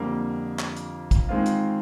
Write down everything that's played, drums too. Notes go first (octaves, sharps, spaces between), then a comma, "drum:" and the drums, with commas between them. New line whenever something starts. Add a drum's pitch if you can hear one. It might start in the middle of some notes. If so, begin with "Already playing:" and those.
Already playing: F2 D3 G3 A#3
drum: clap
drum: hi-hat
drum: kick, hi-hat
D#3 G#3 C4 F4
drum: hi-hat